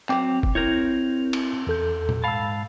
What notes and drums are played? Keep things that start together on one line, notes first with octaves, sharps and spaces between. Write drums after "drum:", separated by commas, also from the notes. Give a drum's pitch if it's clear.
F#3 C4 G5 D6, drum: clap
drum: kick
C4 E4 A#4 C#5 G6 G#6
drum: cymbal
E2 A4 G6
drum: tom A#2
G#2 F5 A5 B5 E6